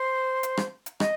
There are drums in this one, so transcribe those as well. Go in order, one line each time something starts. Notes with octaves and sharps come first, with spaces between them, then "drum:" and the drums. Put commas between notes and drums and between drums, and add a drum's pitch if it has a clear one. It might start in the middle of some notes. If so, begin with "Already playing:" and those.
Already playing: C5
drum: hi-hat
drum: rim click
drum: hi-hat
D#5, drum: rim click